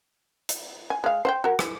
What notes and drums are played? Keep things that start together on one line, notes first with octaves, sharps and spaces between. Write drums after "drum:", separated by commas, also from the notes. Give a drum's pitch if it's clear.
drum: hi-hat
G#5
G#3 F5
C5 F#5 G5
F#4 A#4
E3, drum: rim click